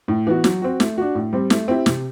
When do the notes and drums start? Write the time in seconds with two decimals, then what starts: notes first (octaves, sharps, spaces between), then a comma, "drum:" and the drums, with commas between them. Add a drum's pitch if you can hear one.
0.08 A2
0.27 E3 B3 F#4
0.44 F#3, drum: snare
0.62 C4 F#4
0.80 A3, drum: snare
0.98 D4 F#4
1.15 A2
1.33 G3 C4
1.50 A3, drum: snare
1.68 C4 E4 G4
1.86 C3, drum: snare